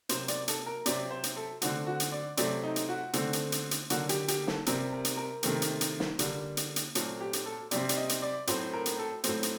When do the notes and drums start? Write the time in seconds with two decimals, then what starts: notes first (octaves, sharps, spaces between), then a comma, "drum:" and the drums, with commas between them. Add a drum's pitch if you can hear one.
0.09 C3 F#3 A#3 C5, drum: hi-hat
0.28 D5, drum: hi-hat
0.48 A4, drum: hi-hat
0.66 A#4
0.86 C3 F#3 C4 D5, drum: hi-hat
1.11 C5
1.24 drum: hi-hat
1.36 A4
1.62 D3 A3 C4 F#4, drum: hi-hat
1.87 F#4
2.00 drum: hi-hat
2.12 D5
2.37 C3 F#3 A3 C4 D5, drum: hi-hat
2.63 D#4
2.76 drum: hi-hat
2.89 F#4
3.13 D3 A3 C4, drum: hi-hat
3.33 drum: hi-hat
3.52 drum: hi-hat
3.71 drum: hi-hat
3.90 D3 F#3 A#3 F#4, drum: hi-hat
4.09 G4, drum: hi-hat
4.28 G4, drum: hi-hat
4.47 A4, drum: snare
4.66 C3 G3 C4 A#4, drum: hi-hat
4.92 A#4
5.05 drum: hi-hat
5.17 A#4
5.43 C3 D#3 A3 C4, drum: hi-hat
5.62 drum: hi-hat
5.81 drum: hi-hat
6.00 drum: snare
6.19 D3 G3 A#3, drum: hi-hat
6.57 drum: hi-hat
6.76 drum: hi-hat
6.95 A#2 F#3 A3 C4 A4, drum: hi-hat
7.20 G4
7.33 drum: hi-hat
7.45 A4
7.71 C3 G3 C4 D5, drum: hi-hat
7.89 D5, drum: hi-hat
7.97 D#5
8.09 drum: hi-hat
8.22 D5
8.47 A2 F#3 A3 C4 C5, drum: hi-hat
8.73 A#4
8.86 drum: hi-hat
8.99 A4
9.24 A2 F#3 A3 C4 C5, drum: hi-hat
9.43 drum: hi-hat